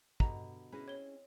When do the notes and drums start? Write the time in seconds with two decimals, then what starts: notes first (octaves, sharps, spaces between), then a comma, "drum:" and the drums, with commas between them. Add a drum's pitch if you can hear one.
0.20 B2 D3 G4 D#5 A#5, drum: kick
0.72 C#4 E4 G#4 B4 D#5
0.88 C4 C#5 G7